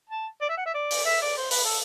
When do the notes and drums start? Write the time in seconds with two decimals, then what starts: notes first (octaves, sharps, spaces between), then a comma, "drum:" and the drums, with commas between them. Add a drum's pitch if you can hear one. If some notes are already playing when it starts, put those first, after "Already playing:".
0.10 A5
0.41 D5
0.49 E5
0.57 F#5
0.66 E5
0.75 D5
0.91 drum: open hi-hat
1.06 E5
1.22 D5
1.37 C5
1.51 B4, drum: open hi-hat
1.64 A4